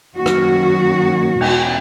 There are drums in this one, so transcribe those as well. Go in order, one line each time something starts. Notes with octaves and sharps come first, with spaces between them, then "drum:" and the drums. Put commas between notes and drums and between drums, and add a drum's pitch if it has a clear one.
F#2 D#3 A#3 C#4 F#4
drum: rim click
E2 B2 G#3 C#4, drum: cymbal